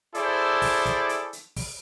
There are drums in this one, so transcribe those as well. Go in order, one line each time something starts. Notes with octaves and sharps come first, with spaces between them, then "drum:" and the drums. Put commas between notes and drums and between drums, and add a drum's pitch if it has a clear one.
E4 G#4 A4 C5 D5, drum: hi-hat
drum: kick, open hi-hat
drum: kick, hi-hat
drum: hi-hat
drum: hi-hat
drum: kick, open hi-hat